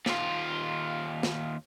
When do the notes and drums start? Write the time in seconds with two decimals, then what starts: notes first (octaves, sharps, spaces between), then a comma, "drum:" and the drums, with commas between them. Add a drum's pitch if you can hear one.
0.06 D#2 F4, drum: snare
1.23 drum: snare